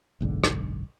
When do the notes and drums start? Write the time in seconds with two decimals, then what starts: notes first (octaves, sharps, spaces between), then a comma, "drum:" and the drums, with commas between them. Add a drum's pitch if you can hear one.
0.20 F#1 B1 G#2 D3
0.44 drum: rim click